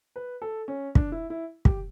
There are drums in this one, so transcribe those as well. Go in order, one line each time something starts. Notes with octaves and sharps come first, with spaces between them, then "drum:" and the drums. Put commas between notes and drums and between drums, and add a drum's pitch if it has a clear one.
B4
A4
C#4
D4, drum: kick
E4
E4
G4, drum: kick